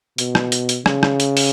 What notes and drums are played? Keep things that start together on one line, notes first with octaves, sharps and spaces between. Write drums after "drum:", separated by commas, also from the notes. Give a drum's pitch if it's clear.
B2, drum: hi-hat
drum: rim click
drum: hi-hat
drum: hi-hat
C#3, drum: rim click
drum: rim click
drum: hi-hat
drum: open hi-hat